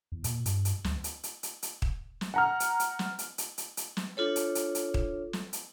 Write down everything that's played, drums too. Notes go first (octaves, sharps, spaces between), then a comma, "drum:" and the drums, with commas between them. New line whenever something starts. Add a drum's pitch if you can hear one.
E2
A#2, drum: hi-hat
G2, drum: hi-hat
drum: hi-hat
D2, drum: snare
drum: hi-hat
drum: hi-hat
drum: hi-hat
drum: hi-hat
drum: kick
drum: snare
F#5 A#5 F6
drum: hi-hat
drum: hi-hat
drum: snare
drum: hi-hat
drum: hi-hat
drum: hi-hat
drum: hi-hat
drum: snare
D4 F4 A4 C#5
drum: hi-hat
drum: hi-hat
drum: hi-hat
drum: kick
drum: snare
drum: hi-hat